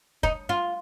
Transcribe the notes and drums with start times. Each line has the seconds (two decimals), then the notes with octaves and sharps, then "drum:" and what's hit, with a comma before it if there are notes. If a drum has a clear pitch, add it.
0.23 D#4, drum: kick
0.49 F4